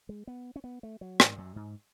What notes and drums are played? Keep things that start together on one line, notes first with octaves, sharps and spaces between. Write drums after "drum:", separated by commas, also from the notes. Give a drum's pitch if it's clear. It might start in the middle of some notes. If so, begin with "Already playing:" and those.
G#3
B3
C#4
B3
A3
F#3
G#2, drum: rim click
F#2
G#2